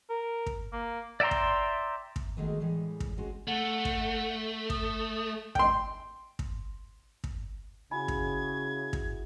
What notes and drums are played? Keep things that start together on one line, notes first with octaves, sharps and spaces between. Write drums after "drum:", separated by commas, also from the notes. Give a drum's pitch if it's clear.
A#4
drum: kick
A#3
D5 E5 G5 A#5 C6
drum: kick
drum: kick
D#3 F#3 G#3 A3 B3
A2 E3 G3 G#3
drum: kick
G#3 C4 C#4 F#4
A3 F#5
drum: kick
D#6, drum: kick
G5 C6, drum: kick
drum: kick
drum: kick
C#3 E4 F#4 G#4 G#5 B5 G#6
drum: kick
drum: kick